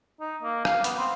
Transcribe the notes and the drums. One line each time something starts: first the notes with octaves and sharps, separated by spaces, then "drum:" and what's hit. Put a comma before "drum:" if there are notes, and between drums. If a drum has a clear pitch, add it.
D#4
A#3
F5, drum: rim click
B3, drum: hi-hat
C4